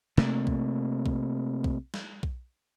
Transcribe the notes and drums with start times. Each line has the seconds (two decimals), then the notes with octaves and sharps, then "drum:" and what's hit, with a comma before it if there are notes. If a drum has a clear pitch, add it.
0.18 C3 A3 A#3, drum: snare
0.47 drum: kick B1
1.06 drum: kick B1
1.64 drum: kick B1
1.94 drum: snare
2.23 drum: kick B1